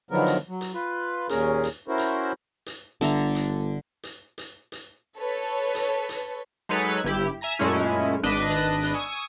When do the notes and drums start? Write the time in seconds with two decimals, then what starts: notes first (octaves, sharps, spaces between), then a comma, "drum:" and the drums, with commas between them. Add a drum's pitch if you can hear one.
0.11 D3 D#3 F3 F#3 B3 A#4
0.27 drum: hi-hat
0.49 F#3
0.61 drum: hi-hat
0.74 F4 B4
1.29 D#2 A#2 C#4 G#4 A#4, drum: hi-hat
1.64 drum: hi-hat
1.88 C#4 E4 F#4 A#4 C5
1.98 drum: hi-hat
2.66 drum: hi-hat
3.01 G1 D3 E5 A#5, drum: hi-hat
3.35 drum: hi-hat
4.03 drum: hi-hat
4.38 drum: hi-hat
4.72 drum: hi-hat
5.18 A4 B4 C#5
5.75 drum: hi-hat
6.09 drum: hi-hat
6.69 F#3 G#3 D#4 A4 B4 C#5
7.04 G1 G2 E4 G4
7.41 E5 G#5 A#5 A#6
7.59 F#2 A#2 G#3 A3 C#4 E4
8.23 G#1 D4 B4 D#5
8.49 drum: hi-hat
8.83 drum: hi-hat
8.94 G#5 C#6 D#6 E6